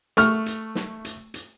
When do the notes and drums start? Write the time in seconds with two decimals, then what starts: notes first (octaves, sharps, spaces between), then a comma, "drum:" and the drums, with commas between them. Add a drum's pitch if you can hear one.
0.17 A3 C#6 F6, drum: hi-hat
0.46 drum: hi-hat
0.75 drum: snare
1.05 drum: hi-hat
1.34 drum: hi-hat